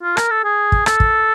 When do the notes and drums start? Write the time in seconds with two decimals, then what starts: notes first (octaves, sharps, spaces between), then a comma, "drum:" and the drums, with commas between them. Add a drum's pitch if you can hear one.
0.03 F4
0.17 A#4, drum: rim click
0.30 A4
0.44 G#4
0.72 drum: kick
0.86 A4, drum: rim click
1.00 drum: kick